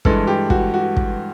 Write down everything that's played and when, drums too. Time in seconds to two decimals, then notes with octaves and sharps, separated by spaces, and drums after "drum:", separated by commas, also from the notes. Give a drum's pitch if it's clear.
0.05 G2 E3 G#3 A4, drum: kick
0.27 G4
0.50 F#4, drum: kick
0.74 F#4
0.97 drum: kick